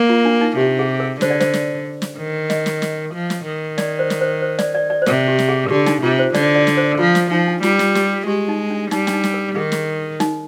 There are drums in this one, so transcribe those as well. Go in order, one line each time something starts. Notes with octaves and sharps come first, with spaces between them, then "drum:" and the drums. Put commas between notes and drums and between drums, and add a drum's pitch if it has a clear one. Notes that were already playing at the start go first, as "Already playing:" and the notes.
Already playing: A#3
F4
D4
D#4
C3 G4
G#4
A#4
D3 C5, drum: snare
D5
C5, drum: snare
drum: snare
drum: snare
D#3
D#5, drum: snare
drum: snare
drum: snare
F3
drum: snare
D#3
D5, drum: snare
C5
drum: snare
C5
C5
D5, drum: snare
D5
D5
C5
C3 A#4, drum: snare
G4
drum: snare
G#4
D3 G4
D#4, drum: snare
C3 F4
C5
D3 D5, drum: snare
D5
drum: snare
C5
F3 F4
drum: snare
F3 D#4
D4
G3 F4, drum: snare
drum: snare
G4, drum: snare
G#3 G4
D#4
D4
G3 D#4, drum: snare
D4, drum: snare
D#4
drum: snare
A#4
D#3 G#4
drum: snare
D#4, drum: snare